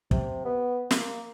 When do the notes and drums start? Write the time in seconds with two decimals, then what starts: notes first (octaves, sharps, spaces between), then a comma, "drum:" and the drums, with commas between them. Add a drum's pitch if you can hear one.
0.11 C3, drum: kick
0.45 B3
0.91 A#3, drum: snare